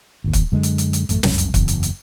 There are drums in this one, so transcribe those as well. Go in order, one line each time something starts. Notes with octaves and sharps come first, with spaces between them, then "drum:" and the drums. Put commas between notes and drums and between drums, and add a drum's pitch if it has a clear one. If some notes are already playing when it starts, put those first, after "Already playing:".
G#1 D#2
drum: kick, hi-hat
F#2 D3 G#3 D4
drum: hi-hat
drum: hi-hat
drum: hi-hat
A1 F#2 A3, drum: hi-hat
F1 C2 F#2, drum: snare
drum: hi-hat
F#1 E2, drum: kick, hi-hat
drum: hi-hat
drum: hi-hat